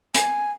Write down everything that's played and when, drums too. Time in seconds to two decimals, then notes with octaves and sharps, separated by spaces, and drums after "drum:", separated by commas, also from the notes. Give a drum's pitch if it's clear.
0.14 G#5, drum: hi-hat